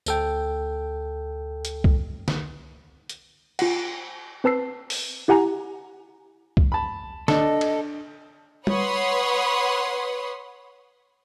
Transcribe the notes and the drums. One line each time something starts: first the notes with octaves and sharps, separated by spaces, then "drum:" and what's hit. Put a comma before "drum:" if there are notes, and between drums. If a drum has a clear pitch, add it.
D2 A4 G5, drum: tambourine
drum: hi-hat
drum: kick C2
drum: snare
drum: hi-hat
F4 F#5, drum: cymbal
C4 B4 A5 E6 C7
drum: open hi-hat
E4 G4 F#5 G#5 A#5
drum: kick C2
A5 B5
D4 A4 D#5, drum: snare
drum: cymbal
B4 C#5 F#5 B5 C6 D#6, drum: tom